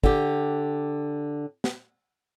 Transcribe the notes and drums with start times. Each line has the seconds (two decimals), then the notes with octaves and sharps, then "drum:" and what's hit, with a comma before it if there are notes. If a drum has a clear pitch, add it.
0.04 D3 G4, drum: kick
1.64 drum: snare